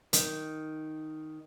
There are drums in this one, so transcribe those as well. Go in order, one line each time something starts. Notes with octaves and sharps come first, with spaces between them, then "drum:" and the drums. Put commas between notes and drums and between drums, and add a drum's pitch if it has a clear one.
D#3, drum: hi-hat